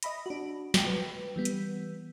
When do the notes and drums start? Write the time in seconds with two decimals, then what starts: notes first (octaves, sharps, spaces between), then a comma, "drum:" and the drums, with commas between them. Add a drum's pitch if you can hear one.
0.03 D#5 E5 B5 A#6, drum: hi-hat
0.26 D4 F#4
0.74 F#4 G5, drum: snare
0.87 B4
1.36 E3 G3 B3
1.45 drum: hi-hat